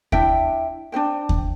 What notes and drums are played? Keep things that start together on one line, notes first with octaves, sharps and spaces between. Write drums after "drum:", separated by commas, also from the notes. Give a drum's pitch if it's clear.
D4 E4 E5 G5, drum: kick D#2
D4 D#4 C5 G5
drum: kick D#2